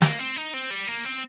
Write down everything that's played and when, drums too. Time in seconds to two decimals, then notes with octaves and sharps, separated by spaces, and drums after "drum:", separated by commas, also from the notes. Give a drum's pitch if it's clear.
0.02 A#3, drum: snare
0.19 C4
0.36 D#4
0.54 C4
0.70 G3
0.87 A#3
1.05 C4